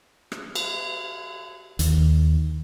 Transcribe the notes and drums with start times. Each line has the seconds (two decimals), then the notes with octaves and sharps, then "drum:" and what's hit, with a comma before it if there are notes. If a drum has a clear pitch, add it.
0.32 drum: rim click
0.55 drum: cymbal
1.79 D#2, drum: hi-hat